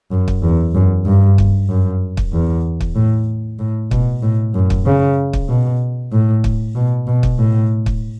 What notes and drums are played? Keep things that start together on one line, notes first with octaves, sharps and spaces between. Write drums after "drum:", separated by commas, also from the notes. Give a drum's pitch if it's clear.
F#2
drum: kick
E2
F#2
G2
drum: kick
F#2
drum: kick
E2
drum: kick
A2
A2
B2, drum: kick
A2
F#2
drum: kick
C#3
drum: kick
B2
A2
drum: kick
B2
B2
drum: kick
A2
drum: kick